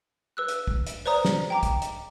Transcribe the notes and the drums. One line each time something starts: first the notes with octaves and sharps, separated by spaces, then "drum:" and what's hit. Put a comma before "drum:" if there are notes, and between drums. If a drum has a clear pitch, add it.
B4 E6 F#6
drum: hi-hat
drum: kick
drum: hi-hat
B4 C5 D5 A#5 D#6, drum: open hi-hat
drum: snare
G5 A#5 D6
drum: kick, hi-hat
drum: hi-hat